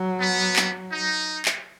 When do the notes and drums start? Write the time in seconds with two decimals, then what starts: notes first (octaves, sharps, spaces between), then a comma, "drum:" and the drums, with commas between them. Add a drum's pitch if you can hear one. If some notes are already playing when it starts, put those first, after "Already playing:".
Already playing: F#3
0.21 B3
0.56 drum: clap
0.92 D#4
1.45 drum: clap